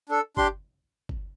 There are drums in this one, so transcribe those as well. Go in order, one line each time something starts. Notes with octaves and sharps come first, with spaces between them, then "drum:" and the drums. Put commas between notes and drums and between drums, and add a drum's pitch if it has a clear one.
D4 A4
D4 G4 C6, drum: kick G1
drum: kick G1